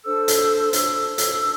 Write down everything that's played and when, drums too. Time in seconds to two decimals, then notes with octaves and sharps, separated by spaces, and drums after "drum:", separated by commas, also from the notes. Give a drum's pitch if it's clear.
0.05 D4 A4 C5 E6
0.28 drum: hi-hat
0.73 D4 A4 C5 E6, drum: hi-hat
1.18 drum: hi-hat
1.41 D4